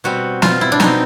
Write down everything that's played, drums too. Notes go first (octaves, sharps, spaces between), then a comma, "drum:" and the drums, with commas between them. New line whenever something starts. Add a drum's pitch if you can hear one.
B2 G3 C4 F#4
B2 G3 C4 F4, drum: snare
E4
D4
B2 G3 C4 D#4, drum: snare